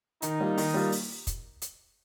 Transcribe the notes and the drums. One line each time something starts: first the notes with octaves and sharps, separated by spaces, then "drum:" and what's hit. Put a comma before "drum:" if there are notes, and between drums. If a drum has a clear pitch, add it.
D#3 D#4, drum: hi-hat
G3 A#3 F4
D#3, drum: open hi-hat
G3 A#3 F4
drum: open hi-hat
drum: kick, hi-hat
drum: hi-hat